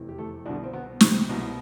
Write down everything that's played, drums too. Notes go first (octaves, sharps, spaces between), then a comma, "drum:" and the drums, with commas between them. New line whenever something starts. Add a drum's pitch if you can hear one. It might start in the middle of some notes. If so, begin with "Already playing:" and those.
Already playing: F1 E2 C3 E3
G4
A3 A4
C2 B2 D3 D4
C4
B3
C3 C4, drum: snare
C2 B2